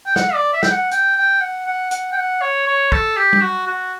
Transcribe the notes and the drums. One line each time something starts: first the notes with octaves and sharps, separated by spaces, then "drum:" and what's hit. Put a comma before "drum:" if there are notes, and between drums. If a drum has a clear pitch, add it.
G5
F#5, drum: snare
D5
E5
G5, drum: snare
F#5
G5, drum: hi-hat
G5
F#5
F#5
F#5, drum: hi-hat
G5
F#5
C#5
C#5
A4, drum: kick
G4
drum: tom
F#4
F#4